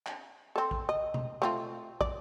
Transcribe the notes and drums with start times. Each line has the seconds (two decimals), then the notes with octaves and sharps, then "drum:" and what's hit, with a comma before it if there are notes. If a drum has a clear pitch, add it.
0.06 drum: clap
0.56 C4 A4
0.71 drum: kick
0.89 D#5
1.14 drum: tom B2
1.42 A3 C4 F4
2.01 D5, drum: kick